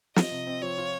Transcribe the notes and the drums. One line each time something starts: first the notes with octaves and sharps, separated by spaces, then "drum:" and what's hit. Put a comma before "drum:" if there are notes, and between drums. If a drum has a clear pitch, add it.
F3 D#5, drum: snare
C3
C4
F3 C#5
F4